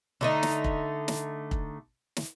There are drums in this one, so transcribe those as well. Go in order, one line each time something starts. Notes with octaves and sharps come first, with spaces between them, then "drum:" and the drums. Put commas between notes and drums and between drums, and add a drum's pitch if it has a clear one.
D3 A3 D#4
drum: snare
drum: kick
drum: snare
drum: kick
drum: snare